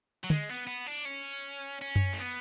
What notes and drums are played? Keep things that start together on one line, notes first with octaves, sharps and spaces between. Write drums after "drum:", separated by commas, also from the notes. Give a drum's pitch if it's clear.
F#3
G#3, drum: tom
B3
B3
D4
C#4
C#4
drum: tom F#2
A3
B3